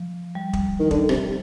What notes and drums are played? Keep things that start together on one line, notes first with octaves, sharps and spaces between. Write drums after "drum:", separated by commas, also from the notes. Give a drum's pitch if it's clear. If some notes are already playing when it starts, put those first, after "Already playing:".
Already playing: F3
G3
drum: kick
D#3
D3, drum: kick
C3, drum: rim click